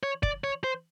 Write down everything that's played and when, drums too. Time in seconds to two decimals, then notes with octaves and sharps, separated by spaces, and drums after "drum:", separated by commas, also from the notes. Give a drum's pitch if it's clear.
0.03 C#5
0.23 D5, drum: kick
0.44 C#5
0.64 C5